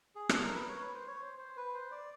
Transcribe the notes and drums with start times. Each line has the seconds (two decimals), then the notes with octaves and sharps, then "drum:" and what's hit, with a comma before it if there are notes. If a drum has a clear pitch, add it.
0.15 G#4
0.29 A4, drum: rim click
0.42 A#4
0.55 B4
0.69 C#5
0.81 B4
0.94 C5
1.08 C#5
1.20 C5
1.38 C5
1.57 B4
1.74 C5
1.91 D5